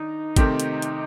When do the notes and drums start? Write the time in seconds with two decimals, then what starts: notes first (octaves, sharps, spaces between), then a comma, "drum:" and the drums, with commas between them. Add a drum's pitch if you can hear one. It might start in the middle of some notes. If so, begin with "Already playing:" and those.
Already playing: D#3 D4 D#4
0.36 C3 D#3 A3 C4 G4, drum: kick G1, hi-hat
0.60 drum: hi-hat
0.82 drum: hi-hat